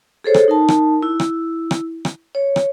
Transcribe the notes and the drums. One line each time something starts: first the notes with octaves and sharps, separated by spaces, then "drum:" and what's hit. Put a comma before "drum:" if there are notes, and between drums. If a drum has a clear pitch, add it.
G#4 A4 C5 C#5
drum: rim click
D#4 A#4 A5
drum: rim click
E4
drum: rim click
drum: rim click
drum: rim click
C#5
drum: rim click